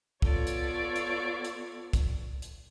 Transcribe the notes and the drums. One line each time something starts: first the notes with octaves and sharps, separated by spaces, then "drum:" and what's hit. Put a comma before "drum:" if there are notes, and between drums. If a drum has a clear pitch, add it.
B3 F4 A4 C#5 D5, drum: kick
drum: hi-hat
drum: hi-hat
drum: hi-hat
drum: kick, hi-hat
drum: hi-hat